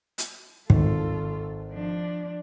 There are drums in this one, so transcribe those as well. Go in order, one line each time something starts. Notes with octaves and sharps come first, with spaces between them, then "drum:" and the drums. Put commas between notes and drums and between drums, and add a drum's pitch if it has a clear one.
drum: hi-hat
G#1 F4 A4, drum: kick
F3 D4